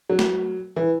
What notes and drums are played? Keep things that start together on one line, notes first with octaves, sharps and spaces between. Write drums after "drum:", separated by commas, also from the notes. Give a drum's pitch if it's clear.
F#3
drum: snare
E3